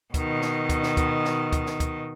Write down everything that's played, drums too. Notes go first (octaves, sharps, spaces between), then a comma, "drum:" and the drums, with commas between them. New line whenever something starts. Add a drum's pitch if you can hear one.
B2 D#3, drum: kick, hi-hat
drum: snare
drum: kick, hi-hat
drum: snare
drum: kick, hi-hat
drum: snare
drum: kick, hi-hat
drum: snare
drum: kick, hi-hat